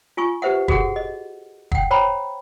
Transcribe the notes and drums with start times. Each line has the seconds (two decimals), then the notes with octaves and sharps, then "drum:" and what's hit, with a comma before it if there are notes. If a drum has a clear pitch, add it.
0.17 F4 G#5 C#6
0.42 G4 B4 C5 E5 F#5
0.68 F#4 G#4 A4 F#5, drum: kick
0.96 D#5
1.72 F#5 G5, drum: kick
1.91 C5 C#5 G5 A#5 B5